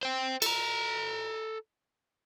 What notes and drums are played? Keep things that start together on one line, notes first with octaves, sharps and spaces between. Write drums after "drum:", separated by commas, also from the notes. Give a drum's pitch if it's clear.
C5 G5
A4 A#5, drum: cymbal